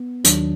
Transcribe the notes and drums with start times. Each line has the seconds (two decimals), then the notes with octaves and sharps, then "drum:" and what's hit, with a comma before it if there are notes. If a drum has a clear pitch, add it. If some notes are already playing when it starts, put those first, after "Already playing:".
Already playing: B3
0.24 D#2 D#3 F#3 D4, drum: hi-hat